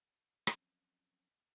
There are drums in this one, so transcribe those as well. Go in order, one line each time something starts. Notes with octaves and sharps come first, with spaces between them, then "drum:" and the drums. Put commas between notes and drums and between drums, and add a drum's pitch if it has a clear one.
F3 F#3 C4 C#4, drum: rim click